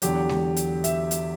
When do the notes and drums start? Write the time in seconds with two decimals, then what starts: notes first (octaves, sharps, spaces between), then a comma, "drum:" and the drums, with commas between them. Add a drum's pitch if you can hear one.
0.02 E2 D3 F#3 G4, drum: hi-hat
0.29 drum: snare G#3
0.56 drum: hi-hat
0.84 E5, drum: hi-hat
1.11 drum: hi-hat